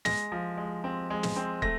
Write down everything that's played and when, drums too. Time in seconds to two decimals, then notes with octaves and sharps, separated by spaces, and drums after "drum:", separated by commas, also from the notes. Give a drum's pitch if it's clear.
0.05 G#3 A#6, drum: snare
0.32 F3
0.57 G#3
0.84 C4
1.10 G#3
1.23 drum: snare
1.36 C4
1.62 A3 A#6, drum: kick